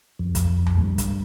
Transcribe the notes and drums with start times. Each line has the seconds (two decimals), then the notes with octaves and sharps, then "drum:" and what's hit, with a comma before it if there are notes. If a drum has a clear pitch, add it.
0.19 F2
0.35 drum: kick, hi-hat
0.66 drum: tom D#2
0.77 A2
0.82 G2
0.98 drum: kick, hi-hat